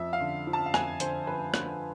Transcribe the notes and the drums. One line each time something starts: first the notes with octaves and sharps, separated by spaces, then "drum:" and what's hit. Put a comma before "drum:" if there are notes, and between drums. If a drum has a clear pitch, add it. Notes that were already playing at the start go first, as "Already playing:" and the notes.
Already playing: F2 E5
F5
D3
F3
A5
F5
F2 G#5, drum: rim click
D3 C5, drum: hi-hat
F2 B4
D3, drum: rim click